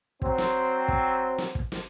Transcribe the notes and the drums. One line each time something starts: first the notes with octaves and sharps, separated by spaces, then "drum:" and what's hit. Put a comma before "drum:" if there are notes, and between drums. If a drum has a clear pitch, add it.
F#3 C4, drum: kick
drum: snare
drum: kick
drum: snare
drum: kick
drum: snare